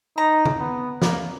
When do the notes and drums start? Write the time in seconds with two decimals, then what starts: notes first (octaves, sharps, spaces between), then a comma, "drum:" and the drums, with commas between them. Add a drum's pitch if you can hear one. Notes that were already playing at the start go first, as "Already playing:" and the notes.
0.17 D#4 A#5
0.45 drum: tom D3
0.60 B3
1.02 A#3, drum: snare